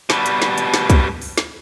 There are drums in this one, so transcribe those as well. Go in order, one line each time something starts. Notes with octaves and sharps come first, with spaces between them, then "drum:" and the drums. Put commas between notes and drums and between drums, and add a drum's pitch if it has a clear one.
B2 G3, drum: snare
drum: hi-hat
drum: snare
drum: hi-hat
drum: snare
drum: kick, hi-hat
drum: open hi-hat
drum: snare